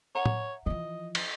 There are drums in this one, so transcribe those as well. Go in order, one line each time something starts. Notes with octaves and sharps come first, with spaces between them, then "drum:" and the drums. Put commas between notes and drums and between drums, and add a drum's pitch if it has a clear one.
C#5 E5 F#5 A#5
drum: tom A2
E3 F3 D#5
drum: cymbal